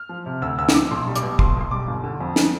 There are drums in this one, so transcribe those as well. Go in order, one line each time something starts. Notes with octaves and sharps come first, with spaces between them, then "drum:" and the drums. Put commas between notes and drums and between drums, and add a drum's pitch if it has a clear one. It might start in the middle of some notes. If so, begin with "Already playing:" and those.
Already playing: F6
F3
C3
D2 E6
D2 E6
E6, drum: snare
F3 D6
B1 C6
G3
D6, drum: hi-hat
B2
B1 C6, drum: kick
B1 C6
G3 D6
G1
D3
F2
drum: snare